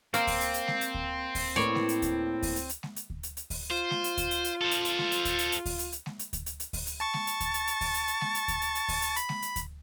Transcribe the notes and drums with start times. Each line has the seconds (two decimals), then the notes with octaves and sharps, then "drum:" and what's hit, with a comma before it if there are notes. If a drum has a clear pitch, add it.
0.14 A#3 C4 F5, drum: hi-hat
0.27 drum: kick D2, open hi-hat
0.41 drum: hi-hat
0.54 drum: hi-hat
0.68 drum: snare G#3
0.81 drum: hi-hat
0.94 drum: kick D2
1.35 drum: kick D2, open hi-hat
1.56 A2 A#3 B4 C#5 D5
1.75 drum: snare G#3
1.89 drum: hi-hat
2.02 drum: kick D2, hi-hat
2.43 drum: kick D2, open hi-hat
2.56 drum: hi-hat
2.69 drum: hi-hat
2.83 drum: snare G#3
2.96 drum: hi-hat
3.10 drum: kick D2
3.23 drum: hi-hat
3.37 drum: hi-hat
3.50 drum: kick D2, open hi-hat
3.71 F4 C5
3.91 drum: snare G#3
4.04 drum: hi-hat
4.17 drum: kick D2, hi-hat
4.31 drum: hi-hat
4.44 drum: hi-hat
4.61 A4 C5
4.71 drum: hi-hat
4.85 drum: hi-hat
4.98 drum: snare G#3
5.12 drum: hi-hat
5.25 drum: kick D2, hi-hat
5.39 drum: hi-hat
5.52 drum: hi-hat
5.66 drum: kick D2, open hi-hat
5.79 drum: hi-hat
5.92 drum: hi-hat
6.06 drum: snare G#3
6.19 drum: hi-hat
6.33 drum: kick D2, hi-hat
6.46 drum: hi-hat
6.60 drum: hi-hat
6.73 drum: kick D2, open hi-hat
6.87 drum: hi-hat
7.00 A5 C#6 A6
7.14 drum: snare G#3
7.27 drum: hi-hat
7.40 drum: kick D2, hi-hat
7.54 drum: hi-hat
7.67 drum: hi-hat
7.81 drum: kick D2, open hi-hat
7.94 drum: hi-hat
8.08 drum: hi-hat
8.21 drum: snare G#3
8.35 drum: hi-hat
8.48 drum: kick D2, hi-hat
8.62 drum: hi-hat
8.75 drum: hi-hat
8.88 drum: kick D2, open hi-hat
9.02 drum: hi-hat
9.16 B5, drum: hi-hat
9.29 drum: snare G#3
9.42 drum: hi-hat
9.56 drum: kick D2, hi-hat